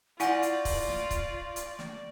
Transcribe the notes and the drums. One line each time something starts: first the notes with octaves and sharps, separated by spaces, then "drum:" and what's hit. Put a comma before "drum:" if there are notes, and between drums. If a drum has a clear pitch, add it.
E4 F4 D5 F#5 G#5 C#6 G6 A#6, drum: hi-hat
drum: hi-hat
drum: kick, open hi-hat
drum: snare
drum: kick, hi-hat
drum: hi-hat
drum: snare